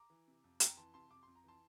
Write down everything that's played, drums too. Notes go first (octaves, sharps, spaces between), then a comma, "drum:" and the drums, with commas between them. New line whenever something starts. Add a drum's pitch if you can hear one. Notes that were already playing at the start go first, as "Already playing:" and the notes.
Already playing: A#5 D6
E3
C3
F2
F2 G5 A#5, drum: hi-hat
E3 A5 C6
C3 A5 C6
F2 D6
F2 C6
A#5
E3 A5 C6